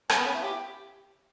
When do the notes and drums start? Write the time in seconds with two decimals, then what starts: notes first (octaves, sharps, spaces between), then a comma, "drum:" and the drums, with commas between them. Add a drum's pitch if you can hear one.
0.10 C#4, drum: rim click
0.17 B3
0.26 C#4
0.35 E4
0.43 G4